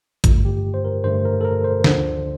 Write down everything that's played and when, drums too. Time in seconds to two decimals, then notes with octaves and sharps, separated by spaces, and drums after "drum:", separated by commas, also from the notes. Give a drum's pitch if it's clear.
0.24 G2 D3 A3 F4, drum: kick, hi-hat
0.45 G4
0.74 C5
0.85 A#4
1.04 G2 D3 A3 C5
1.25 A#4
1.41 A4
1.45 A#4
1.64 C5
1.84 D2 D3 F3, drum: snare